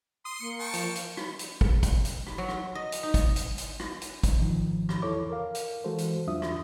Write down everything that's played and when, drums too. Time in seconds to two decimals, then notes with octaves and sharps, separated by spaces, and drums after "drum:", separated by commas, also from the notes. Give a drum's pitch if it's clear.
0.25 C6 D#6
0.40 A#3 C#7
0.60 G5 A5 C#6
0.74 F3, drum: hi-hat
0.95 drum: hi-hat
1.17 drum: rim click
1.39 drum: hi-hat
1.61 drum: kick
1.83 drum: kick, hi-hat
2.05 drum: hi-hat
2.27 drum: rim click
2.38 F#3
2.49 drum: rim click
2.75 D#5
2.92 drum: hi-hat
3.03 D#4
3.14 drum: kick, hi-hat
3.36 drum: hi-hat
3.58 drum: hi-hat
3.80 drum: rim click
4.02 drum: hi-hat
4.23 drum: kick, hi-hat
4.40 G#2 D#3 F3
4.89 drum: rim click
5.02 E2 E4 A4 C#5 D6
5.30 A#4 F5
5.55 drum: hi-hat
5.84 E3 G#3 F#4 A4 C5
5.98 drum: hi-hat
6.28 E2 F#3 D4 F4 E5 D#6
6.42 drum: rim click